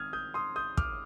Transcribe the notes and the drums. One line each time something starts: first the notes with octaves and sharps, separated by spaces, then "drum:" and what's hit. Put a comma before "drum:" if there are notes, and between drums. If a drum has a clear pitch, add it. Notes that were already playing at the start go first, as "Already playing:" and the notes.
Already playing: D#3 G#3 C4 D#6 F6 G#6
D#6 G6
C6 D#6
D#6 G6
D6 F6, drum: kick